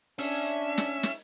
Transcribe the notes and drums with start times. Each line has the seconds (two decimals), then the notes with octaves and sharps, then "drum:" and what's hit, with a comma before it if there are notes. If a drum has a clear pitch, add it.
0.19 C#4 D4 E5, drum: open hi-hat
0.78 drum: snare
1.03 drum: snare